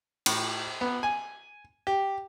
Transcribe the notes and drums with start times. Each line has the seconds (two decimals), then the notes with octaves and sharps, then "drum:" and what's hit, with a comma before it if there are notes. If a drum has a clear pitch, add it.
0.26 A2, drum: cymbal
0.81 B3
1.03 G#5
1.87 G4